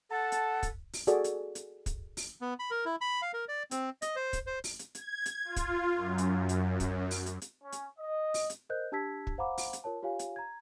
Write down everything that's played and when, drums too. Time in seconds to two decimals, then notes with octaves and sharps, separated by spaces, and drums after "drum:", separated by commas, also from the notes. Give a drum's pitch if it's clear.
0.11 A4 F#5 A5
0.32 drum: hi-hat
0.63 drum: kick, hi-hat
0.93 drum: open hi-hat
1.07 F#4 G#4 A4 D5, drum: hi-hat
1.24 drum: hi-hat
1.55 drum: hi-hat
1.86 drum: kick, hi-hat
2.17 drum: open hi-hat
2.41 B3
2.59 B5
2.71 A#4
2.85 E4
3.01 B5
3.22 F5
3.34 A#4
3.48 D5
3.71 C4, drum: hi-hat
4.02 D#5, drum: hi-hat
4.16 C5
4.33 drum: kick, hi-hat
4.47 C5
4.64 drum: open hi-hat
4.79 drum: hi-hat
4.95 G#6, drum: hi-hat
5.26 drum: hi-hat
5.45 F4
5.56 drum: kick, hi-hat
5.94 F#2
6.18 drum: hi-hat
6.49 drum: hi-hat
6.80 drum: kick, hi-hat
7.11 drum: open hi-hat
7.26 drum: hi-hat
7.42 drum: hi-hat
7.62 C#4
7.72 drum: hi-hat
7.98 D#5
8.34 drum: open hi-hat
8.50 drum: hi-hat
8.70 A#4 C5 D#5 F#6 G6
8.92 D4 G4 A5 E6 G#6 B6
9.27 drum: kick
9.38 C5 F5 F#5 A#5 B5 D6
9.58 drum: open hi-hat
9.73 drum: hi-hat
9.84 F4 A#4 C#5 A5
10.03 F4 G4 C#5 F5 G#5
10.19 drum: hi-hat
10.36 A#5 G#6